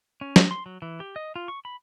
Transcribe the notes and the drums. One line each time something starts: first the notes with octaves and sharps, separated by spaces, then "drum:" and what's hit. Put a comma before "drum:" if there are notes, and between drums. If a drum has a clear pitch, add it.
C#4
G3, drum: snare
C6
F#3
E3
G4
D#5
F4
C#6
B5